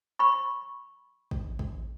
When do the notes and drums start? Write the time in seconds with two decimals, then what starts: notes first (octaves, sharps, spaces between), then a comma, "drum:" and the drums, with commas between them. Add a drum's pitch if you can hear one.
0.19 B5 C#6
1.31 drum: kick A1
1.59 drum: kick A1